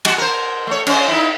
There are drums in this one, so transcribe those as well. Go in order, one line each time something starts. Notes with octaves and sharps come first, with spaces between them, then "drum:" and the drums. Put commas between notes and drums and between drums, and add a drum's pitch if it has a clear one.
G3 F#4, drum: cymbal
A#4 C5
A3 C#5
C#4 C5, drum: cymbal
D#4 E4